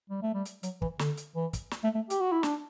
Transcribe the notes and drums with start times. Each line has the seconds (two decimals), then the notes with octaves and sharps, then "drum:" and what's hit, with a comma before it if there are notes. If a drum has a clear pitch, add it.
0.10 G3
0.23 A3
0.34 G3
0.46 drum: hi-hat
0.63 F#3, drum: hi-hat
0.82 E3, drum: kick
0.99 D3, drum: snare
1.17 drum: hi-hat
1.36 E3
1.53 drum: kick, hi-hat
1.71 drum: snare
1.84 A3
1.95 A3
2.10 G4, drum: hi-hat
2.21 F#4
2.32 E4
2.43 D4, drum: snare